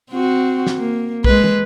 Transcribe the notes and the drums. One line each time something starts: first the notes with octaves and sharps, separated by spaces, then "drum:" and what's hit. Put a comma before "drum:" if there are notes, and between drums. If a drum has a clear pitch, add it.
C4 F#4
drum: snare
A#3
G#3 B4, drum: kick
drum: tom